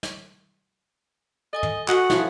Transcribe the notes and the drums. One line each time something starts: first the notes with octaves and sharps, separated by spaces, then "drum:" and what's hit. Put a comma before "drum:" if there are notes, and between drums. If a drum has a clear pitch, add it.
drum: snare
A4 D#5 G#5 D#6
drum: tom
F#4 D#5 F#5, drum: clap
E3 F3 C#4, drum: snare